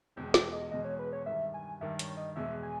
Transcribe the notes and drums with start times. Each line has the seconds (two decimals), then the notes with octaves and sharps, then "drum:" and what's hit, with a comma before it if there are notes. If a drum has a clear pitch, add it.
0.16 E1 E2 B2 G#3 G5
0.34 G5, drum: snare
0.52 D#5
0.71 E1 E2 B2 G#3 D#5
0.85 C#5
0.99 B4
1.13 C#5
1.26 G2 D#3 G3 E5
1.54 G#5
1.81 G2 D#3 G3 E5
1.99 C#5, drum: hi-hat
2.17 D#5
2.35 E2 B2 G#3 E5
2.63 G#5